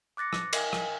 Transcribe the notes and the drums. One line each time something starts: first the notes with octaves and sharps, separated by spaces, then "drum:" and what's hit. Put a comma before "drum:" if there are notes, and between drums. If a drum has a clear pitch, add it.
D6 F#6 A6 A#6 C#7
drum: rim click
A#4 D#5 F5 G#5, drum: cymbal
drum: rim click